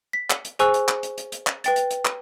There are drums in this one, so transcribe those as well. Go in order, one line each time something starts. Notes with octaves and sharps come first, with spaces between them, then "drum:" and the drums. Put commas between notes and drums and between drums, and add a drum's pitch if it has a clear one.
B6
drum: clap
drum: hi-hat
G#4 C5 G#5 C#6 E6 F#6, drum: hi-hat
drum: hi-hat
drum: clap
drum: hi-hat
drum: hi-hat
drum: hi-hat
drum: clap
B4 G5 A6, drum: hi-hat
drum: hi-hat
drum: hi-hat
drum: clap